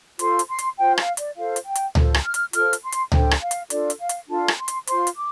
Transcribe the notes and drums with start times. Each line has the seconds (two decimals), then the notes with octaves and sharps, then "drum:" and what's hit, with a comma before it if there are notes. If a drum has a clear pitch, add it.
0.19 F4 A4 C5 C6, drum: hi-hat
0.39 drum: hi-hat
0.49 C6
0.59 drum: hi-hat
0.78 F4 C5 G5
0.98 F5, drum: rim click
1.17 D5, drum: hi-hat
1.36 F4 A4 C5 F5
1.56 drum: hi-hat
1.65 G5
1.75 drum: hi-hat
1.95 F4 A4 C5, drum: tom C#2
2.14 drum: rim click
2.24 F6
2.34 drum: hi-hat
2.53 F4 A4 C5 F6, drum: hi-hat
2.73 drum: hi-hat
2.83 C6
2.92 drum: hi-hat
3.12 D4 A4 C5 G5, drum: tom C#2
3.31 drum: rim click
3.41 F5
3.51 drum: hi-hat
3.70 D4 F4 A4 D5, drum: hi-hat
3.90 drum: hi-hat
4.00 F5
4.09 drum: hi-hat
4.29 D4 F4 A4 A5
4.48 drum: rim click
4.58 C6
4.68 drum: hi-hat
4.87 F4 C5 C6, drum: hi-hat
5.07 drum: hi-hat
5.16 D6